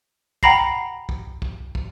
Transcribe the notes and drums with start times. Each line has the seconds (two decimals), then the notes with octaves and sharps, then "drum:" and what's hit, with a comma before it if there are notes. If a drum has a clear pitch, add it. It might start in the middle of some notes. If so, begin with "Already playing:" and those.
0.43 F#5 G5 A#5 B5 A#6 C7, drum: kick
1.09 drum: kick
1.42 drum: kick
1.75 drum: kick